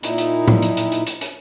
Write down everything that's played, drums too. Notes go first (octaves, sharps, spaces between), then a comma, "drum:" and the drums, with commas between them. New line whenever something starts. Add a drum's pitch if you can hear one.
A#2 D#4 E4, drum: hi-hat
drum: hi-hat
drum: tom
drum: hi-hat
drum: hi-hat
drum: hi-hat
drum: hi-hat
drum: hi-hat